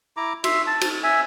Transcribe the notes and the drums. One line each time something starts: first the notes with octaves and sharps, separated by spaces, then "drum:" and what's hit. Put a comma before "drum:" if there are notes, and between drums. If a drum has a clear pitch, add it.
E4 A#5 D6
E5 C6, drum: cymbal
A5
drum: cymbal
E5 G#5